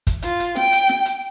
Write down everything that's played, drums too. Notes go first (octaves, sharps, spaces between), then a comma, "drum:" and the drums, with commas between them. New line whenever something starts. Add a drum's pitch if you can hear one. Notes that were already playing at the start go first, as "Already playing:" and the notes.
drum: kick, hi-hat
F4, drum: hi-hat
drum: hi-hat
G5, drum: snare
drum: hi-hat
drum: snare
drum: hi-hat